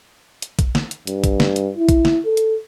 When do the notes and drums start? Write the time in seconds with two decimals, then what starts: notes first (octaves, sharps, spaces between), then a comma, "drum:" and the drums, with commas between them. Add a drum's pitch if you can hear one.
0.42 drum: hi-hat
0.59 drum: kick A#1, hi-hat
0.75 drum: snare
0.91 drum: hi-hat
1.07 G2, drum: hi-hat
1.24 drum: kick A#1, hi-hat
1.40 drum: snare
1.56 drum: hi-hat
1.77 E4
1.89 drum: kick A#1, hi-hat
2.05 drum: snare
2.25 A4
2.37 drum: hi-hat